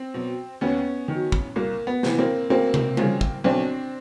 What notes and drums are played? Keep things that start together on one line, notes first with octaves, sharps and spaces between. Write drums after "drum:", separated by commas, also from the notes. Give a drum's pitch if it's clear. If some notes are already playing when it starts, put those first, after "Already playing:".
Already playing: C4
B2 F#3
D#2 B3 C#4
D#3
F#3
drum: kick
C2 A#3
B3
C3 E3, drum: snare
A#3 C4
D2 A#3 C4
drum: tom C3
C#3 F3, drum: tom G3
drum: kick
B1 C4 D4